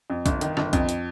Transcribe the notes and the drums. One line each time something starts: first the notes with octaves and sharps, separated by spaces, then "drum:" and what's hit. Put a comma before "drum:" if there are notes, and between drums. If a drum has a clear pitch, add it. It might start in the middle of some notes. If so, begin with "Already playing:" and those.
F2
G1, drum: kick B1, hi-hat
D#3, drum: hi-hat
G1, drum: rim click
F2, drum: kick B1, hi-hat
drum: hi-hat